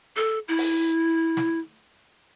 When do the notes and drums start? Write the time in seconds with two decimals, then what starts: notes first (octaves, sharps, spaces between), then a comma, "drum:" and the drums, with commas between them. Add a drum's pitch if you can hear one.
0.17 A4
0.48 E4
0.58 drum: open hi-hat
1.37 drum: snare